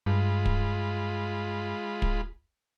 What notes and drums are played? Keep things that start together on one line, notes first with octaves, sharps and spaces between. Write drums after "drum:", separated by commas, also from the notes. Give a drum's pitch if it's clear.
G2 G#3 F4 B5
drum: kick
drum: kick